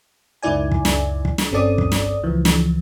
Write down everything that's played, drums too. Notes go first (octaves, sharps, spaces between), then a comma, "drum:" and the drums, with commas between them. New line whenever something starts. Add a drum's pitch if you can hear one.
C#2 F#2 D#3 E4 D5 G#5
drum: kick
drum: snare
drum: kick
drum: snare
G1 C4 C#4 A4 D5 D#6
drum: kick
drum: snare
C#2 E3 F3
drum: snare